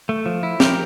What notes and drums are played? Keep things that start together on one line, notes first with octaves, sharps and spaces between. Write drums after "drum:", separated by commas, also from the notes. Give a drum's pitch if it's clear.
A3
F3
E4
F3 G4 A#4, drum: snare